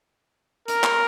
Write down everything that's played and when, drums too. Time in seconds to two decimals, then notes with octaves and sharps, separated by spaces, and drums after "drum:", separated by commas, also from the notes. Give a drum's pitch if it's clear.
0.68 A#4, drum: hi-hat
0.84 drum: clap